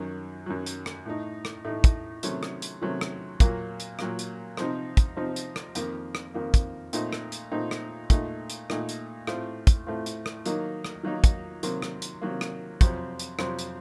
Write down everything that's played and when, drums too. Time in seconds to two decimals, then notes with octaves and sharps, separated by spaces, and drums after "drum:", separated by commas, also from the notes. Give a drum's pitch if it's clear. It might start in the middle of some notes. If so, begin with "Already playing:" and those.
Already playing: F#2 D#3 F#3
0.46 F#2 D#3 F#3
0.66 drum: hi-hat
0.86 drum: rim click
1.05 A2 A3 D#4
1.45 drum: rim click
1.65 A2 A3 D#4
1.84 drum: kick, hi-hat
2.23 C3 D#3 F#3 A3 C#4, drum: hi-hat
2.43 drum: rim click
2.62 drum: hi-hat
2.82 C3 D#3 F#3 A3 C#4
3.01 drum: rim click
3.40 A#2 F#3 A#3, drum: kick, hi-hat
3.80 drum: hi-hat
3.99 A#2 F#3 A#3, drum: rim click
4.19 drum: hi-hat
4.57 C3 F3 C4 D#4, drum: rim click
4.97 drum: kick, hi-hat
5.17 C3 F3 C4 D#4
5.36 drum: hi-hat
5.56 drum: rim click
5.75 F2 D#3 A#3, drum: hi-hat
6.15 drum: rim click
6.34 F2 D#3 A#3
6.54 drum: kick, hi-hat
6.93 A#2 A3 C4 D#4, drum: hi-hat
7.13 drum: rim click
7.32 drum: hi-hat
7.52 A#2 A3 C4 D#4
7.71 drum: rim click
8.10 A#2 A3 D#4, drum: kick, hi-hat
8.50 drum: hi-hat
8.70 A#2 A3 D#4, drum: rim click
8.89 drum: hi-hat
9.27 A2 A3 C4 F4, drum: rim click
9.67 drum: kick, hi-hat
9.87 A2 A3 C4 F4
10.06 drum: hi-hat
10.26 drum: rim click
10.46 D#3 F#3 A#3 D#4, drum: hi-hat
10.85 drum: rim click
11.04 D#3 F#3 A#3 D#4
11.24 drum: kick, hi-hat
11.63 C3 D#3 F#3 A#3, drum: hi-hat
11.82 drum: rim click
12.02 drum: hi-hat
12.22 C3 D#3 F#3 A#3
12.41 drum: rim click
12.81 F2 C3 F#3 C4, drum: kick, hi-hat
13.19 drum: hi-hat
13.39 F2 C3 F#3 C4, drum: rim click
13.59 drum: hi-hat